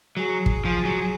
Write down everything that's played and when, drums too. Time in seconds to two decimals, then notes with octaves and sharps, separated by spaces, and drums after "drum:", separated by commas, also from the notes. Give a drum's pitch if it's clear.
0.16 F#3 G#4
0.46 drum: kick
0.65 F3
0.85 F#3